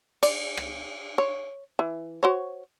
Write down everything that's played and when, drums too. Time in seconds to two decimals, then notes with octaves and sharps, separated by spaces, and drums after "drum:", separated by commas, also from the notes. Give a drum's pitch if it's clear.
0.23 D5, drum: cymbal
0.57 drum: rim click
1.18 C#5
1.79 E3
2.23 F#4 C5 C#5